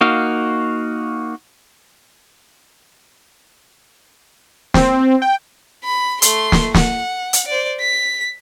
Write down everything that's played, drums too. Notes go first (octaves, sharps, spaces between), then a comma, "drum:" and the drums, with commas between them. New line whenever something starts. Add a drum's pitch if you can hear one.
A#3 D#4 F#4 F5
C4, drum: snare
G5
B5
A3 C6, drum: hi-hat
drum: snare
F#5, drum: snare
drum: hi-hat
C5 D5
B6